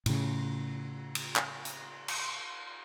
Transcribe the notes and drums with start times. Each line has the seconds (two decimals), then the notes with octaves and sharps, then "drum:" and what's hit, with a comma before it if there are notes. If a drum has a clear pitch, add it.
0.06 A2 C#3, drum: cymbal
1.15 drum: cymbal
1.36 drum: clap
1.65 drum: hi-hat
2.08 drum: cymbal